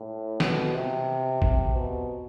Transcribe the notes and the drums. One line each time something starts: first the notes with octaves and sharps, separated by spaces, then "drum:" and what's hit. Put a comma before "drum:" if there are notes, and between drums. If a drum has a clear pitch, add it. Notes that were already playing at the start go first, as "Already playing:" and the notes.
Already playing: A2
B2, drum: snare
C3
C3, drum: kick
B2